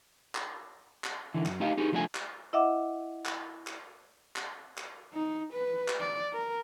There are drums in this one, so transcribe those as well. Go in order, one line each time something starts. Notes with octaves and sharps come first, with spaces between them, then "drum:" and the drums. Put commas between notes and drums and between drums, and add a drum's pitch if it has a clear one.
drum: clap
drum: clap
D3 E3
F#2, drum: clap
A3 D#4 G4 D#5 F5
D#4 G4 G#4
C2 F3 A3 D4 F5 G#5
drum: clap
E4 D#5 E5 F#5 D6
drum: clap
drum: clap
drum: clap
drum: clap
D#4
B4
drum: clap
D5
A#4